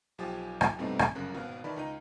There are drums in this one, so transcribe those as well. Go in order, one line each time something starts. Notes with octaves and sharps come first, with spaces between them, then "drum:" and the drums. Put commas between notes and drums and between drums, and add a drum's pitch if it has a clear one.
B1 F3 G4 G#5 D#6 A6
drum: rim click
C2 G2 B2 A3 C4 D#4
drum: rim click
G1 F#2 C#3 C#4 A#4 F#6
G#1 B2 F5 F6
D#3 E3 D5 A5 B5
C#2 D#4 A#5 G6 D#7